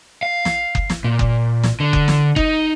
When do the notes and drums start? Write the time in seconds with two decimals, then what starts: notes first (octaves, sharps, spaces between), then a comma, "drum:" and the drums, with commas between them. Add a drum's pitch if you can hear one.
0.23 F5
0.45 drum: snare
0.75 drum: kick F#1
0.90 drum: snare
1.04 A#2
1.19 drum: kick F#1
1.63 drum: snare
1.80 D3
1.93 drum: kick F#1
2.08 drum: snare
2.36 D#4, drum: kick F#1